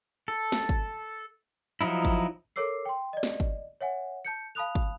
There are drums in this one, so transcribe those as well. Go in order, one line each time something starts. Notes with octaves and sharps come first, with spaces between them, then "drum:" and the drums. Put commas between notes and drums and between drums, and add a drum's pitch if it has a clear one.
A4
drum: snare
drum: kick
F3 F#3 D#4 E4
drum: kick
A4 A#4 C#5 D6 E6 C7
G5 C6
D5 D#5
drum: snare
drum: kick
C#5 E5 F#5 G#5
A5 G6 C#7
F5 A5 B5 D#6 F#6 F7
drum: kick